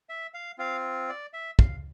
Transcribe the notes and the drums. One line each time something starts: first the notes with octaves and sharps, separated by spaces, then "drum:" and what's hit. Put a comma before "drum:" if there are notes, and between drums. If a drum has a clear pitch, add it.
E5
F5
C4 F4 F5
D5
E5
F5, drum: kick